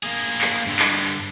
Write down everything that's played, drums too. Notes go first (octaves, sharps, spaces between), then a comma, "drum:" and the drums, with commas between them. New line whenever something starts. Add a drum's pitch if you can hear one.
A#3 G#4, drum: hi-hat
drum: hi-hat
drum: clap
G2 D3
drum: clap
drum: hi-hat